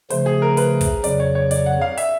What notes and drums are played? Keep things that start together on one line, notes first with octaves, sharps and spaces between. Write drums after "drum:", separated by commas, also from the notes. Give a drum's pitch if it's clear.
C#3 F3 A3 C5, drum: hi-hat
G#4
A#4
B4, drum: hi-hat
drum: kick, hi-hat
F2 C#3 F#3 D5, drum: hi-hat
C#5
C#5
D5, drum: hi-hat
F#5
F5
E5, drum: hi-hat